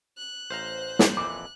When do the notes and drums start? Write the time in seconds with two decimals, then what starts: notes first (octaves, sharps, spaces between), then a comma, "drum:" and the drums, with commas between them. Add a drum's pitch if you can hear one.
0.18 F#6
0.50 A1 C5 F5 A#5
0.99 drum: snare
1.17 F2 A#2 E3 D6